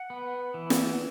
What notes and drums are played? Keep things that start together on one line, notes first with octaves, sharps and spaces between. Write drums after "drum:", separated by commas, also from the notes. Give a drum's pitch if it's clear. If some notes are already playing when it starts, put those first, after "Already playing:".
Already playing: F#5
B3
E3
drum: snare